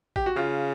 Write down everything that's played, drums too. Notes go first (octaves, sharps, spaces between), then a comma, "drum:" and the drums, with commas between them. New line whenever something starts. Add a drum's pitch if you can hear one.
G4, drum: kick A1
F#4
C#3 F4